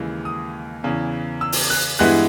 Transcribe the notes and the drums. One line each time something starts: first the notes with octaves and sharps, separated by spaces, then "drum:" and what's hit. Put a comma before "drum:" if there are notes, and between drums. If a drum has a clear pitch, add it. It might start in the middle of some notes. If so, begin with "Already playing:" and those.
Already playing: D#2 C#3 E3 G#3
D#6
E2 C#3 E3
E6
drum: open hi-hat
F#6
G2 E3 G#3 B3 E4 F#6